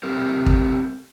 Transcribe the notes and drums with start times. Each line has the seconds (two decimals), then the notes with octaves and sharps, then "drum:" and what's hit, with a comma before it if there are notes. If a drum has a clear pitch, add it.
0.03 G3 A3 C4 G4 A#4
0.46 drum: kick